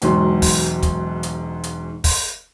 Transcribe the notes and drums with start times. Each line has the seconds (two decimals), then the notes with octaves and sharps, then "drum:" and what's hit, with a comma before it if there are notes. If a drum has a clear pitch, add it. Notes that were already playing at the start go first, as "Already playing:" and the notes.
0.02 E1 G#2 F#3 C6, drum: hi-hat
0.42 drum: kick, open hi-hat
0.83 drum: kick, hi-hat
1.23 drum: hi-hat
1.64 drum: hi-hat
2.04 drum: kick, open hi-hat